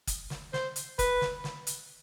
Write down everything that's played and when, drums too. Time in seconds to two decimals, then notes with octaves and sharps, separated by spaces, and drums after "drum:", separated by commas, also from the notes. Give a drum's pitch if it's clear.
0.07 drum: kick F#1, hi-hat
0.30 drum: snare
0.53 C5, drum: snare
0.76 drum: hi-hat
0.99 B4, drum: kick F#1, hi-hat
1.21 drum: snare
1.44 drum: snare
1.67 drum: hi-hat